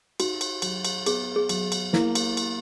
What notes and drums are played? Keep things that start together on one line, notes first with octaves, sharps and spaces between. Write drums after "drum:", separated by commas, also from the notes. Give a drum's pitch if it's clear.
D#4 F#4, drum: cymbal
drum: cymbal
F#3, drum: cymbal
drum: cymbal
B3 G#4, drum: cymbal
G#4
F#3, drum: cymbal
drum: cymbal
A#3 E4, drum: snare
drum: cymbal
drum: cymbal